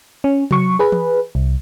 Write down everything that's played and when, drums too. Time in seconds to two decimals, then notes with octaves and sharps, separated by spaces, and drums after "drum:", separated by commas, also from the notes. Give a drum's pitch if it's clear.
0.24 C#4
0.51 F#3 C#6, drum: tom C3
0.79 G#4 B4
0.92 drum: tom E3
1.35 C2